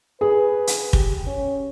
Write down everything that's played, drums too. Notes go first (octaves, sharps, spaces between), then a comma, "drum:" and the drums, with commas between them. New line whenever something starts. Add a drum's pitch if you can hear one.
G#4 B4
drum: hi-hat
G4, drum: kick
C#4